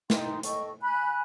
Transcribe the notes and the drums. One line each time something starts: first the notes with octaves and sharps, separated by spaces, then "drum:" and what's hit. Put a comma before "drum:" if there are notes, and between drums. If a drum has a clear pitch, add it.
D#4 G5 C6, drum: snare
A4 D#5 G5 C#6, drum: hi-hat
G#5 B5 F#6